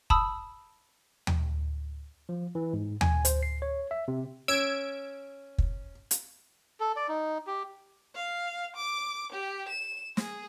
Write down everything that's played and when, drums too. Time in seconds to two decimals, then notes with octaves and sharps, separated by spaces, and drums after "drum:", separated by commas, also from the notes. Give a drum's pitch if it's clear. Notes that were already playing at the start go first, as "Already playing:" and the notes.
0.10 A5 B5 D#6 E6, drum: kick
1.27 drum: tom
2.29 F3
2.55 E3
2.73 G#2
3.01 G#5, drum: tom
3.25 C5, drum: hi-hat
3.43 C7
3.62 C#5
3.91 E5
4.08 C3
4.48 C#4 E6 G#6 D7
5.58 drum: kick
6.11 drum: hi-hat
6.80 A4
6.96 D5
7.09 D#4
7.47 G4
8.14 F5
8.76 D6
9.32 G4
9.68 E7
10.17 G#4, drum: snare